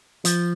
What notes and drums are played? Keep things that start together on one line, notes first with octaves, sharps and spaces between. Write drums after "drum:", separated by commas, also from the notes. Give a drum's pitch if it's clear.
F3, drum: hi-hat